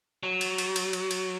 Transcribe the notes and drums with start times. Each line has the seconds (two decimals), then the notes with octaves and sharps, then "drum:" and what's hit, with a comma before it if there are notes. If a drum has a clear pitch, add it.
0.23 F#3
0.41 drum: cymbal
0.58 drum: cymbal
0.76 drum: cymbal
0.93 drum: cymbal
1.11 drum: cymbal